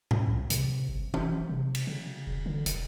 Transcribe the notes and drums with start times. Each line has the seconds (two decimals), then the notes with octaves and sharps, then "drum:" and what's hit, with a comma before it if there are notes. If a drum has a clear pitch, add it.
0.11 drum: tom A2
0.27 C2
0.50 C3, drum: hi-hat
0.89 G1
1.14 F1, drum: tom
1.49 C3
1.75 drum: cymbal
1.87 C#3
2.27 E1
2.46 D3
2.66 E1, drum: hi-hat